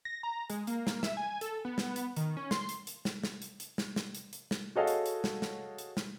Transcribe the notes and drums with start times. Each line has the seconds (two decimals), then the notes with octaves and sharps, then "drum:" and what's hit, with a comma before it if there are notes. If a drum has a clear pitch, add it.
0.05 A#6
0.23 A#5
0.50 G#3, drum: hi-hat
0.67 A#3, drum: hi-hat
0.87 drum: snare
1.03 E5, drum: snare
1.17 G#5
1.41 A4, drum: hi-hat
1.65 B3
1.78 drum: snare
1.96 drum: hi-hat
2.16 D#3, drum: hi-hat
2.37 C#4
2.51 C6, drum: snare
2.69 drum: hi-hat
2.87 drum: hi-hat
3.05 drum: snare
3.23 drum: snare
3.42 drum: hi-hat
3.60 drum: hi-hat
3.78 drum: snare
3.96 drum: snare
4.15 drum: hi-hat
4.33 drum: hi-hat
4.51 drum: snare
4.76 F#4 G#4 A4 C#5 D#5 F5
4.87 drum: hi-hat
5.06 drum: hi-hat
5.24 drum: snare
5.42 drum: snare
5.78 drum: hi-hat
5.97 drum: snare